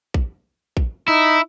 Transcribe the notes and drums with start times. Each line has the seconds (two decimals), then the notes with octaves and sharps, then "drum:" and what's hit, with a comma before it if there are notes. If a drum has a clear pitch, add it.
0.14 drum: kick
0.77 drum: kick
1.08 D#4 E4